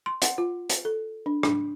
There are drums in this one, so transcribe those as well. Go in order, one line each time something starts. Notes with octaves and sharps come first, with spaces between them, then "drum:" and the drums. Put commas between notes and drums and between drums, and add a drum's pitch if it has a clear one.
C6
F#5, drum: hi-hat
F4
drum: hi-hat
A4
D4
D4, drum: rim click